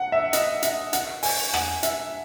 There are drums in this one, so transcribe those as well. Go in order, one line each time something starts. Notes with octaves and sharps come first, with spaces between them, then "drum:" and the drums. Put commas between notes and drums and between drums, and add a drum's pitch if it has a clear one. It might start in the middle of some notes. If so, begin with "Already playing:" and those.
Already playing: F#5
E5
D#5, drum: hi-hat
E5, drum: hi-hat
F#5, drum: hi-hat
G#5, drum: open hi-hat
F#5, drum: rim click
E5, drum: hi-hat